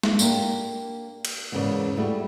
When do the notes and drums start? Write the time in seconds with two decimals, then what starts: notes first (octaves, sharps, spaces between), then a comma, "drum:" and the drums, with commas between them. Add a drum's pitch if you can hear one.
0.03 drum: snare
0.19 A#3 D4 G4 A#4, drum: tambourine
1.25 drum: cymbal
1.52 E2 G#2 C#3 A#4 B4 D5
1.97 G3 A3 E4 F#4 G#4